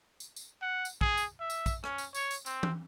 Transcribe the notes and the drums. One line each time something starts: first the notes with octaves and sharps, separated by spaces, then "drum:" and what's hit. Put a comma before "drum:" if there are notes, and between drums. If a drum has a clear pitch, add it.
drum: tambourine
drum: tambourine
F#5
drum: tambourine
G#4, drum: kick
drum: tambourine
E5
drum: tambourine
drum: kick, tambourine
C#4, drum: rim click
drum: tambourine
C#5, drum: tambourine
drum: tambourine
C4, drum: tambourine
drum: tom E3